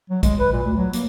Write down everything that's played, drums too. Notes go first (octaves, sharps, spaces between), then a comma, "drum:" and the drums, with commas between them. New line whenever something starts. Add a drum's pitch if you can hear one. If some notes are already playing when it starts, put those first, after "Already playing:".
F#3
G#3, drum: kick A#1, hi-hat
B4
A#2
D2
F#3
A#3, drum: hi-hat